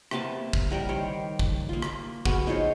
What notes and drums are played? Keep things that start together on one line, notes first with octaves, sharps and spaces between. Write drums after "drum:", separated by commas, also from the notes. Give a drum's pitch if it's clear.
C3 A#3 B3 A5, drum: rim click
drum: kick
G3 A#4 F#5
D#3 G3 C5 C#5
drum: kick
A#3 F4
drum: rim click
B3 F#4 G#4 A#4, drum: kick
D#4 F4 C5 C#5